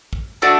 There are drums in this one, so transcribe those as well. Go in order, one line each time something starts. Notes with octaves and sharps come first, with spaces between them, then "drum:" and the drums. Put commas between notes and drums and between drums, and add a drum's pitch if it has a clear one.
drum: kick
A3 D4 F#4 A4